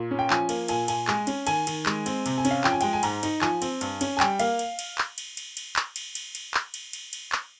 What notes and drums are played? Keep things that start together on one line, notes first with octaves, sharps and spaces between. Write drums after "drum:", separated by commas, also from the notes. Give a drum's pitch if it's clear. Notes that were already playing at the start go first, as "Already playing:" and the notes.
Already playing: A#2
C#4
G5
F3 G#5, drum: clap
A#3, drum: cymbal
A#2 G#5, drum: cymbal
A#2 G#5, drum: cymbal
G#3 G#5, drum: clap
C#4, drum: cymbal
D#3 G#5, drum: cymbal
D#3, drum: cymbal
G#3, drum: clap
C4, drum: cymbal
C3, drum: cymbal
G#5
C#4, drum: cymbal
F5
F3 G5, drum: clap
G#5
G#3 G5, drum: cymbal
G#5
G#2 A#5, drum: cymbal
D#4, drum: cymbal
F3 G#5, drum: clap
C4, drum: cymbal
G2, drum: cymbal
C#4, drum: cymbal
G#5
G3 G5, drum: clap
A#3 F5, drum: cymbal
drum: cymbal
drum: cymbal
drum: clap
drum: cymbal
drum: cymbal
drum: cymbal
drum: clap
drum: cymbal
drum: cymbal
drum: cymbal
drum: clap
drum: cymbal
drum: cymbal
drum: cymbal
drum: clap